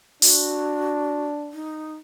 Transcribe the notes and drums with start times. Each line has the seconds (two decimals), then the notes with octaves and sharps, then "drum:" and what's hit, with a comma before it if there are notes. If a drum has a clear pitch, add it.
0.22 D4 F#4, drum: open hi-hat
1.53 D#4